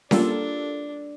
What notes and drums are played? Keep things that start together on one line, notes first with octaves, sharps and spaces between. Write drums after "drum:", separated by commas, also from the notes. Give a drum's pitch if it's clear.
G3 A#3 D4 F4 A4, drum: snare C#4